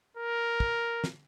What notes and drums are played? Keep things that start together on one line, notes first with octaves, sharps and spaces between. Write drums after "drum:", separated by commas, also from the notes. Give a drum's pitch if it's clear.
A#4
drum: kick
drum: snare